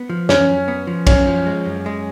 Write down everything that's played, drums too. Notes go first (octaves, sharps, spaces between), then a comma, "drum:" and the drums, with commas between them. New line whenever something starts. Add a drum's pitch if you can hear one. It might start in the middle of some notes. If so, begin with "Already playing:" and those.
Already playing: B3
F3
F#2 C#4, drum: snare
F#2
B3
F3
F#2 C#4, drum: kick, cymbal
F3
G#3
F#2
G#3